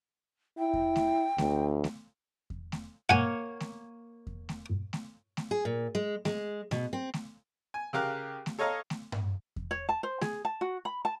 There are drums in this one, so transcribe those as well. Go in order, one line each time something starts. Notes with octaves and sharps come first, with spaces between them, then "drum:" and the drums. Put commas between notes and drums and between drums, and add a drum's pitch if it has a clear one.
E4 G5
drum: kick E2
drum: snare A3
D2, drum: snare A3
drum: snare A3
drum: kick E2
drum: snare A3
A#3 C#5 F#5 G#5
drum: snare A3
drum: kick E2
drum: snare A3
drum: snare A3
drum: snare A3
G#4
A#2
G#3
G#3, drum: snare A3
B2, drum: snare A3
C4
drum: snare A3
G#5
C#3 G4 A#4 F5 F#6
drum: snare A3
A4 C#5 D#5 F5 A#5
drum: snare A3
drum: tom G2
drum: kick E2
C#5
A5
C5
G#4, drum: snare A3
A5
F#4
B5
A5